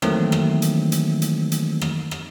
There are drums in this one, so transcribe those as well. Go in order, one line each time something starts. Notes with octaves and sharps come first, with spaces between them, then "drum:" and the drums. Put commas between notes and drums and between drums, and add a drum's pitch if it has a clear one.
D#3 E3 F#3 A3 A#3 C4, drum: rim click
drum: rim click
drum: hi-hat
drum: hi-hat
drum: hi-hat
drum: hi-hat
drum: rim click
drum: rim click